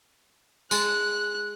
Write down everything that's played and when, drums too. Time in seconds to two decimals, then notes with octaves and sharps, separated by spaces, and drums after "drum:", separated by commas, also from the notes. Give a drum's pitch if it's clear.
0.71 G#3 A5 F#6, drum: tambourine